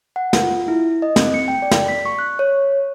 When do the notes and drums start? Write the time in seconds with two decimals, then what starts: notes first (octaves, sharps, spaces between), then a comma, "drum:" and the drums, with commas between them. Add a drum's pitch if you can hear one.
0.16 F#5
0.33 drum: snare
0.43 F4
0.68 E4
1.02 D#5
1.16 C4, drum: snare
1.34 C#7
1.48 G5
1.62 D5
1.71 drum: snare
1.88 B6
2.05 C#6
2.19 F#6
2.39 C#5